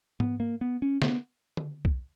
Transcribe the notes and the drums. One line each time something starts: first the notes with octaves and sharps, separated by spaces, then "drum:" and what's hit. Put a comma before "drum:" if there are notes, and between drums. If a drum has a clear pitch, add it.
B3, drum: tom G#2
A#3
B3
C#4
B3, drum: snare
drum: tom D3
drum: kick B1